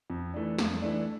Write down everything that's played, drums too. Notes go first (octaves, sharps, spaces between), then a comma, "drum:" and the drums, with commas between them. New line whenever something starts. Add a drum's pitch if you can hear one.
F2
E3 A3 D4
F2, drum: snare
E3 A3 D4